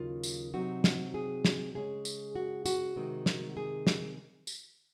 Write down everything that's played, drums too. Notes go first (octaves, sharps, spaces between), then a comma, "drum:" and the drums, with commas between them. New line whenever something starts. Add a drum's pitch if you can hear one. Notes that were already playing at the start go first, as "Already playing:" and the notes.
Already playing: D#2 C#3 F#3 A#3 D#4 F4
drum: tambourine
C3 F#3 C4 D#4 F#4
drum: snare
G#4
drum: snare
C#3 G#3 C#4 G#4
drum: tambourine
F#4
F#4, drum: tambourine
C3 D#3 G#3 C4
drum: snare
G#4
drum: snare
drum: tambourine